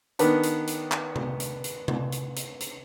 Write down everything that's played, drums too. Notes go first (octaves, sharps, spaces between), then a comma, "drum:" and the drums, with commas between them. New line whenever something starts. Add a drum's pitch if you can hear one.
D#3 B3 D4, drum: hi-hat
drum: hi-hat
drum: hi-hat
drum: clap
drum: tom C3
drum: hi-hat
drum: hi-hat
drum: tom C3
drum: hi-hat
drum: hi-hat
drum: hi-hat